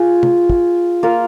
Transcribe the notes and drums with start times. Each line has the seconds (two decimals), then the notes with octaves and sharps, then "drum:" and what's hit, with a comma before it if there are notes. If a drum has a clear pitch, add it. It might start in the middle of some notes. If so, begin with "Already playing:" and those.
Already playing: F4 G#4
0.23 drum: tom
0.50 drum: kick
1.03 A#3 F4 A#4